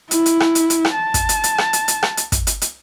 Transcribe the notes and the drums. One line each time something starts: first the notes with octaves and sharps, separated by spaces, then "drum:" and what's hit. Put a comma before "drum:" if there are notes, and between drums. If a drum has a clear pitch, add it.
E4, drum: hi-hat
drum: hi-hat
drum: rim click
drum: hi-hat
drum: hi-hat
drum: rim click
A5
drum: kick, hi-hat
drum: hi-hat
drum: hi-hat
drum: rim click
drum: hi-hat
drum: hi-hat
drum: rim click
drum: hi-hat
drum: kick, hi-hat
drum: hi-hat
drum: hi-hat